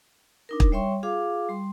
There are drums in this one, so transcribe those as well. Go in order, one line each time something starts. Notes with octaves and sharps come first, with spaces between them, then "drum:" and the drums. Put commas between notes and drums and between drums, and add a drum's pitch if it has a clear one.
D4 D#4 A#4
drum: kick
G3 C#5 E5 G5 C6 C#6
F4 G#4 F5 D6
G3 C6